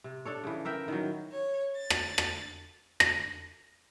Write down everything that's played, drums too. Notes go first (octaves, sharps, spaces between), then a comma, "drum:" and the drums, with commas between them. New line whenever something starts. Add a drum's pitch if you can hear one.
C3
D4 A4 C#5
C#3 E3
A#4 E5 G5
D#3 E3 F#3
C#5
A6
drum: rim click
drum: rim click
A#6, drum: rim click